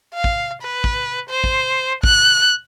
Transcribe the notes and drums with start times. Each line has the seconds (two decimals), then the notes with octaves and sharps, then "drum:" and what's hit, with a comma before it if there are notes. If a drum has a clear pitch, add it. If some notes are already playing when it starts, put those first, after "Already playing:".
0.14 F5
0.24 drum: kick
0.62 B4
0.84 drum: kick
1.29 C5
1.44 drum: kick
2.03 F#6, drum: kick